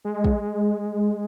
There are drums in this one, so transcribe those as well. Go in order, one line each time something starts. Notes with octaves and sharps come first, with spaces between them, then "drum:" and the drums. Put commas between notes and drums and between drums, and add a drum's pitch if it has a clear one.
G#3
drum: kick